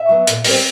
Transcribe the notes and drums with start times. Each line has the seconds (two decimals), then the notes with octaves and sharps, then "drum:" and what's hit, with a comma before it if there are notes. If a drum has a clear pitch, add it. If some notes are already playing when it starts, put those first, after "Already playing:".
Already playing: E5
0.09 F#3 B3
0.27 A#2, drum: hi-hat
0.44 G3 C4, drum: open hi-hat